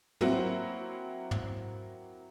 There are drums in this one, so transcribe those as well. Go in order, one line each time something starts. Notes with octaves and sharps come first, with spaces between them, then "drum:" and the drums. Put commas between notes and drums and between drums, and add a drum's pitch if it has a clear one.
F#3 A#3 C4 E4 F#4, drum: tom
drum: tom